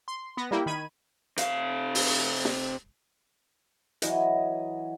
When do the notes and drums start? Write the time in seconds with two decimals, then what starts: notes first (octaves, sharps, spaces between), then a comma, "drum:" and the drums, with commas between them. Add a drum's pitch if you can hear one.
0.08 C6
0.37 B3 A#6
0.51 G3 A#3 E4 G5
0.66 D#3 B5 G#6 D#7
1.38 C3 F5, drum: hi-hat
1.95 drum: open hi-hat
2.45 drum: snare
4.02 E3 F#3 D#5, drum: hi-hat